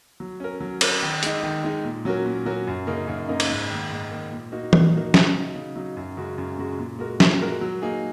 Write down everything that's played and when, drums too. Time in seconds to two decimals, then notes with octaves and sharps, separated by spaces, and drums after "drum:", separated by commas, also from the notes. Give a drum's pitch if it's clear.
0.20 F#3
0.40 C#4 A#4
0.61 F#3
0.81 C#4 A#4, drum: cymbal
1.02 D#3
1.23 G#3 D#4, drum: hi-hat
1.43 D#3
1.64 G#3 D#4
1.84 A#2
2.05 F#3 C#4 F#4 A#4
2.25 A#2
2.46 F#3 C#4 F#4 A#4
2.67 F#2
2.87 C#3 A#3 D#4 A#4
3.08 F#2
3.28 C#3 A#3 D#4 A#4
3.40 drum: cymbal
3.49 G#2
3.70 D#3 A#3
3.90 G#2
4.11 D#3 A#3
4.32 A#2
4.52 A#3 D#4 F#4 A#4
4.73 A#2, drum: tom E3
4.93 A#3 D#4 F#4 A#4
5.14 C#3, drum: snare
5.34 F#3 D#4
5.55 C#3
5.76 F#3 D#4
5.97 F#2
6.17 C#3 G#3 F#4
6.38 F#2
6.58 C#3 G#3 F#4
6.78 A#2
6.99 G#3 F#4 A#4
7.20 A#2, drum: snare
7.40 G#3 F#4 A#4
7.61 F#3
7.82 A#3 D#4 G#4